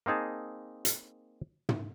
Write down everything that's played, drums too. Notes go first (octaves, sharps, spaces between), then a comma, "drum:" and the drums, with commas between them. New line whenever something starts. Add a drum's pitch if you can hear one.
A#3 C4 D#4 G#4 A5
drum: hi-hat
drum: tom